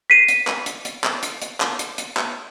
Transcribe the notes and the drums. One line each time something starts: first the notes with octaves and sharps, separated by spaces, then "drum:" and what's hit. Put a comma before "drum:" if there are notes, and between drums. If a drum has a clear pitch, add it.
B6 C7 D#7
drum: hi-hat
drum: clap
drum: hi-hat
drum: hi-hat
drum: clap
drum: hi-hat
drum: hi-hat
drum: clap
drum: hi-hat
drum: hi-hat
drum: clap